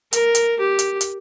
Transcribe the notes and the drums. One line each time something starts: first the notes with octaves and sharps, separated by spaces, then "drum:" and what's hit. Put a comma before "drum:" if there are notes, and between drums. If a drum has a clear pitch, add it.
A#4, drum: hi-hat
drum: hi-hat
G4
drum: hi-hat
drum: hi-hat